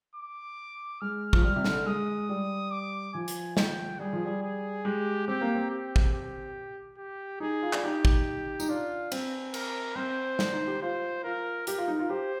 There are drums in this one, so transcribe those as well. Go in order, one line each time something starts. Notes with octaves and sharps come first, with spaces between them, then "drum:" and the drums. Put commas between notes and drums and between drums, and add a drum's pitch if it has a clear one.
D6
G#3 F6
F3, drum: kick
G3 F6
C3
D3, drum: snare
G#3 D#6
G3
D6
F3 G#5
drum: hi-hat
G5, drum: snare
G3 G#4
F3
G3
G#4
G#3 G4
C4 G4
A#3
C4
G4
drum: kick
G4
G4
D#4 G#4
F4
D4, drum: clap
D#4 G4
drum: kick
D#4, drum: tambourine
D4 F4
C4, drum: cymbal
A#4, drum: cymbal
C4 C5
D4, drum: snare
D#4
G4
F4 C5
F4 A#4
G4 A#4, drum: hi-hat
F4
D#4
F4
G4 C5